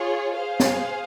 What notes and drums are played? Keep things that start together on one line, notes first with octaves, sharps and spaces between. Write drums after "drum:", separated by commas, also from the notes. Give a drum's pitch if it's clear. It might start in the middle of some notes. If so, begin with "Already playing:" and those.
Already playing: F4 G#4 C#5
G#4 C5 F5
drum: snare